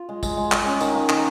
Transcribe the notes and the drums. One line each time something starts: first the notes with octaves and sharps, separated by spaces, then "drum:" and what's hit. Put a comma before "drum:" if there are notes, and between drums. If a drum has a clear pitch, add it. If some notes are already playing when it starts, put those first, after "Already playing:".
Already playing: F4
G#3
G#3, drum: kick, tambourine
G#3
G#3, drum: clap
C#4
D#3, drum: tambourine
A#3
D#3, drum: clap